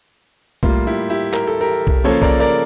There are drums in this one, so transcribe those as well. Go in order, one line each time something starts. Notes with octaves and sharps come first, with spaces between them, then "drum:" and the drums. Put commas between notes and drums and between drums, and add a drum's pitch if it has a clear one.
A2 G3 A#3 F4, drum: kick B1
E4 G4
E4 G4
A#4, drum: clap
A4
G4 A#4
drum: kick B1
C#3 F3 A#3 A4 C#5
A#4 D5, drum: kick B1
A#4 D5